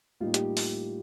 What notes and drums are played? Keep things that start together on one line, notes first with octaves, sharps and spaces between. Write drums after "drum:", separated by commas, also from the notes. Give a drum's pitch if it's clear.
A2 G3 A#3 D#4 F4
G4, drum: hi-hat
drum: open hi-hat